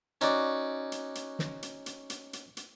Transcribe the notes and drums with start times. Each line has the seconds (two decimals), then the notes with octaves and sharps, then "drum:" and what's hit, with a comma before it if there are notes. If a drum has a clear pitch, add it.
0.21 C#4 D#4 F#4 D5, drum: hi-hat
0.92 drum: hi-hat
1.15 drum: hi-hat
1.39 drum: snare
1.62 drum: hi-hat
1.86 drum: hi-hat
2.10 drum: hi-hat
2.33 drum: hi-hat
2.57 drum: hi-hat